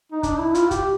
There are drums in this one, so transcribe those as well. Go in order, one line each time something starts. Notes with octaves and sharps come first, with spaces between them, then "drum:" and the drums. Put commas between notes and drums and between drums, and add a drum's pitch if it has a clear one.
D#4
D4, drum: kick, hi-hat
E4
F4, drum: hi-hat
G4, drum: kick, hi-hat